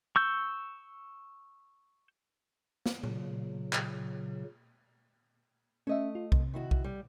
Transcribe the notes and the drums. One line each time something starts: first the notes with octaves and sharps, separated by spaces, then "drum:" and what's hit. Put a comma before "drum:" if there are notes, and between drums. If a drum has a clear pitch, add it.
C#6 E6 G6
drum: snare
A#2 C#3 F#3, drum: tom A#2
drum: clap
A3 C#4 D#5 E5
F4
C3, drum: kick B1
D#3 E4 F#4
drum: kick B1
G3